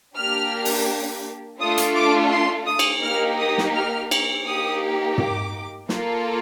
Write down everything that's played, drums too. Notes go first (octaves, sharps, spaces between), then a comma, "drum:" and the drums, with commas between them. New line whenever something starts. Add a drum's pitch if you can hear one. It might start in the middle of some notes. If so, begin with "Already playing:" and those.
A#3 D4 G4 F6
drum: open hi-hat
A3 D4 F4 A4 D#6
drum: hi-hat
D6
C6
D#6
drum: cymbal
A#3 D#4 G4 F6
D#6
drum: snare
F6
drum: cymbal
A#3 D#4 G4 D#6
D6, drum: tom
A#3 F4 A4, drum: snare